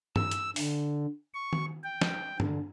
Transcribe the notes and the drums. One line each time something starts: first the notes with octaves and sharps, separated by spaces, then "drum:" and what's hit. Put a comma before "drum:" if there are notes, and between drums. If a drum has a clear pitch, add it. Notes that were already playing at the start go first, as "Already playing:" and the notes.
E6, drum: tom G2
drum: hi-hat
D3, drum: open hi-hat
C#6
drum: tom D#3
G5
drum: snare
D3, drum: tom G2